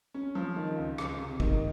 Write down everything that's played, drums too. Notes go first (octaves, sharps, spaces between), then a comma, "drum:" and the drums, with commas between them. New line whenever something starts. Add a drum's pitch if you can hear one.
C#4
F3
D#3
C#2
C#2, drum: rim click
C3
D#3, drum: kick